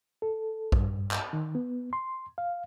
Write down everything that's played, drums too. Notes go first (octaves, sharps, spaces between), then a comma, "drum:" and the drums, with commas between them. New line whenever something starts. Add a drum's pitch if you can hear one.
A4
G2, drum: kick A#1
drum: clap
D#3
B3
C6
F5